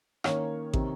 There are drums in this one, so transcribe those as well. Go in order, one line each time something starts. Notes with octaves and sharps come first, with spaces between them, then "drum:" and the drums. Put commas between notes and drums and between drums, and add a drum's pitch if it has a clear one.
D#3 A#3 C#4 C#5, drum: rim click
C3 D#3, drum: kick